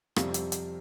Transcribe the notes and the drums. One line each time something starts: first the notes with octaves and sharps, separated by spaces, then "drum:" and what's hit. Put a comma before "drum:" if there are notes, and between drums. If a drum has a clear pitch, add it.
F2 C3 G3 C4 F5, drum: rim click
drum: hi-hat
drum: hi-hat